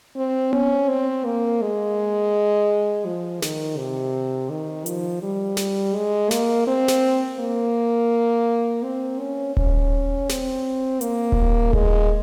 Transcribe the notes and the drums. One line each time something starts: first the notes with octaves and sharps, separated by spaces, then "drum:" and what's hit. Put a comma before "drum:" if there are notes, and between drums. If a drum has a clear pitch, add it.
C4
C#4, drum: tom B3
C4
A#3
G#3
F3
D#3, drum: snare
C3
D#3
F3, drum: hi-hat
G3
drum: snare
G#3
A#3, drum: snare
C4
drum: snare
A#3
C4
C#4
C#4, drum: kick D#1
C4, drum: snare
A#3, drum: hi-hat
drum: kick D#1
G#3, drum: kick D#1